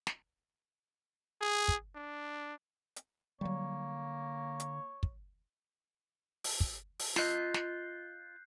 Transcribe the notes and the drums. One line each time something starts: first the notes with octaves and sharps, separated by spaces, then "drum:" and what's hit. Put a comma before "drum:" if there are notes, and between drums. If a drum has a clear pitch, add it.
drum: snare
G#4
drum: kick
D4
drum: hi-hat
D3 F#3 G3 A#3 C#5
drum: hi-hat
drum: kick
drum: open hi-hat
drum: kick
drum: open hi-hat
F4 D#5 F#6 G6 C7, drum: snare
drum: snare